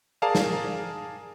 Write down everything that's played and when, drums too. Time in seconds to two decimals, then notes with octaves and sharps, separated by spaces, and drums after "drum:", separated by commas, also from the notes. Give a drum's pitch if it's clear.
0.22 G#4 A#4 D5 F5 A5 A#5
0.35 drum: snare